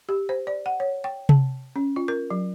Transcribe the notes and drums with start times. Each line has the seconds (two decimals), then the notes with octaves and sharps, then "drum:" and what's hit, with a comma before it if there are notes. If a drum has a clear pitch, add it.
0.09 G4
0.29 C5
0.47 D5
0.66 F#5
0.80 C#5
1.04 G5
1.29 A5, drum: tom C3
1.76 C#4
1.96 F4
2.08 A#4
2.30 F#3